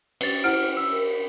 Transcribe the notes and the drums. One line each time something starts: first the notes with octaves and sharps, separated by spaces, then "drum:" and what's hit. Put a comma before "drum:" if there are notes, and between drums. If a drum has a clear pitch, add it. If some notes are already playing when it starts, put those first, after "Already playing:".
B4 A6, drum: cymbal
E4 C5 F#5 F6 D7
E6
A#4